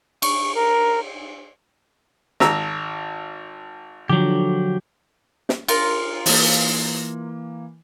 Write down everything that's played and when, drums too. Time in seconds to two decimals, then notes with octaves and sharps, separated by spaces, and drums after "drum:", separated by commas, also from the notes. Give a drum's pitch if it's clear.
0.22 C#6, drum: cymbal
0.54 A#4
2.40 G#1 A#5 E6, drum: snare
4.10 D3 F3 F#3 G4
5.49 drum: snare
5.68 F4 A#4, drum: cymbal
6.26 E3 A#3, drum: open hi-hat